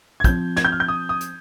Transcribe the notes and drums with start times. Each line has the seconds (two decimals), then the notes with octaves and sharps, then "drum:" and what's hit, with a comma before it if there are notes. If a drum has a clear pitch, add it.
0.20 G#6
0.24 F3 C4 G6, drum: kick, hi-hat
0.57 G#6, drum: snare
0.65 G6
0.72 F6
0.80 G6
0.88 D#6
1.09 D#6
1.20 drum: hi-hat